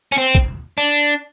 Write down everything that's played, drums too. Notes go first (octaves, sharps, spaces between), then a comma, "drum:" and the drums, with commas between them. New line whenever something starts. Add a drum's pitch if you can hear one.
C#4
C4
drum: kick
D4